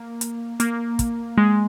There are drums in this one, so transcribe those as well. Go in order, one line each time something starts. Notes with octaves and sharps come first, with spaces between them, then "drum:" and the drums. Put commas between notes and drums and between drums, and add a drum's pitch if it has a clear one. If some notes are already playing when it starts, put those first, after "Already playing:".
Already playing: A#3
drum: hi-hat
A#3, drum: hi-hat
drum: kick, hi-hat
G#3